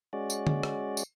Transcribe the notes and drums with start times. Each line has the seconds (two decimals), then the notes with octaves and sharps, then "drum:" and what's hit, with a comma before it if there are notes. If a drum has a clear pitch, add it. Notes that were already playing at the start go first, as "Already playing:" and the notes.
0.13 G#3 C#4 F#4 D5
0.30 drum: tambourine
0.47 drum: tom D3
0.63 drum: rim click
0.97 drum: tambourine